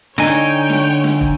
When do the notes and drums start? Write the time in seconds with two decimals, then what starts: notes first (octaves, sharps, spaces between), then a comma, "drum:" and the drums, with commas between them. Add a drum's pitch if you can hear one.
0.18 D3 D#4 C#5 G5 G#5, drum: snare
0.70 drum: snare
1.04 drum: snare
1.21 drum: kick